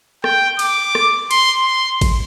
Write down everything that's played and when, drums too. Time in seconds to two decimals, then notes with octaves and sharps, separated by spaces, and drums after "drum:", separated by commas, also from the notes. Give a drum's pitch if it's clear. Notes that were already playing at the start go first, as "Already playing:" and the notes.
0.24 G5, drum: rim click
0.59 D6, drum: cymbal
0.95 drum: rim click
1.31 C6, drum: cymbal
1.65 C6
2.01 drum: kick G#1, cymbal